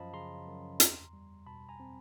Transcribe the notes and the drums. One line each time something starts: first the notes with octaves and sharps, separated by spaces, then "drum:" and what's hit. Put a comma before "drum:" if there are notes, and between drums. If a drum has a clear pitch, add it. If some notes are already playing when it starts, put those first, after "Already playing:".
Already playing: F#2 F3 D#5 F5 A5 B5
C#3 A#5 C6
F#2
E2, drum: hi-hat
G3
B2 A5 B5
G#5 A#5
C4